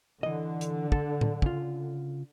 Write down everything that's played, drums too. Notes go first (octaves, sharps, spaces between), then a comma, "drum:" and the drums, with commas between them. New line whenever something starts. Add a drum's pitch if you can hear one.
D3 E3 D#5
drum: hi-hat
A4, drum: kick
drum: tom A2
C#3 F4, drum: kick